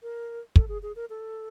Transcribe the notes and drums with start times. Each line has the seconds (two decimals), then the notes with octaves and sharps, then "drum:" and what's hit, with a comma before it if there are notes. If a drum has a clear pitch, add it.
0.03 A#4
0.56 A4, drum: kick
0.68 G#4
0.83 G#4
0.96 A#4
1.10 A4